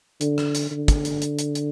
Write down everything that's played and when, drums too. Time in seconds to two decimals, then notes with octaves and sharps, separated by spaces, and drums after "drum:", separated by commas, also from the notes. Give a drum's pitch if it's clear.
0.21 D3, drum: hi-hat
0.38 drum: rim click
0.55 drum: hi-hat
0.71 D3
0.88 drum: kick, hi-hat
1.05 drum: hi-hat
1.22 drum: hi-hat
1.39 drum: hi-hat
1.55 drum: hi-hat